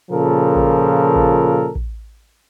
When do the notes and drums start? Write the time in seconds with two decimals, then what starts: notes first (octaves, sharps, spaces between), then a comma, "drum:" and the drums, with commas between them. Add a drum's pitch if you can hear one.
0.11 A#2 C#3 F3 A4 A#4
0.56 drum: kick A1
1.16 drum: kick A1
1.75 drum: kick A1